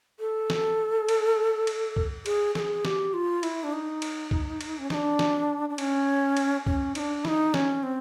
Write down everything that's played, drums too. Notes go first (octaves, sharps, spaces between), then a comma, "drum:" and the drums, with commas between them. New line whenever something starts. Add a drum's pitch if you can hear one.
A4
drum: snare
drum: cymbal
drum: cymbal
drum: kick
G#4, drum: cymbal
A4, drum: snare
G#4
G4, drum: snare
F4
E4, drum: cymbal
D4
D#4
drum: cymbal
drum: kick
drum: cymbal
C#4
D#4, drum: snare
D4
drum: snare
D4
C#4, drum: cymbal
drum: cymbal
C#4, drum: kick
D#4, drum: cymbal
D4
E4, drum: snare
D#4
C#4, drum: snare
C4